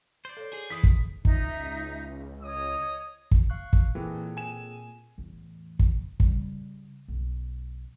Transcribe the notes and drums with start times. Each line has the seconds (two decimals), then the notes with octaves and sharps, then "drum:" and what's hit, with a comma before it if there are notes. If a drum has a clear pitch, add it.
0.25 C5 D5
0.37 A4 C#5
0.53 G#4
0.70 E3 G#4 D#6 B6
0.84 drum: kick
1.25 C#2 D#4 E5, drum: kick
2.43 C#5 D#5 D#6
3.31 drum: kick
3.50 F5 C#6 F#6
3.73 drum: kick
3.95 A#2 E3 C4 G#4 A4
4.37 G#5 E7
5.18 E2 A2
5.79 drum: kick
6.20 C#3 G3, drum: kick
7.08 B1 F#2